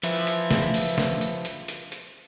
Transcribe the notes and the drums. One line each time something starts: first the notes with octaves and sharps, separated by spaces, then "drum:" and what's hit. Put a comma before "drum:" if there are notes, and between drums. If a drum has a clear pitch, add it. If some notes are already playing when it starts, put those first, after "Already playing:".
F3 B4 E5, drum: hi-hat
drum: hi-hat
drum: snare
drum: open hi-hat
drum: snare
drum: hi-hat
drum: hi-hat
drum: hi-hat
drum: hi-hat